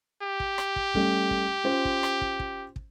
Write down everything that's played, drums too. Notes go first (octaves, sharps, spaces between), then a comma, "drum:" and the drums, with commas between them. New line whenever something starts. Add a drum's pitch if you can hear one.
G4
drum: kick
drum: rim click
drum: kick
G3 A3 C#4, drum: kick
drum: kick
C#4 F4 C5
drum: kick
drum: rim click
drum: kick
drum: kick
drum: kick